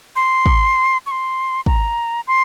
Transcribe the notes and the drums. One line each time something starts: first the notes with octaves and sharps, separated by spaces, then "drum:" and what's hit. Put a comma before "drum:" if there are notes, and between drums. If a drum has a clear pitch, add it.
C6
drum: kick
C#6
C6
A#5, drum: kick
C6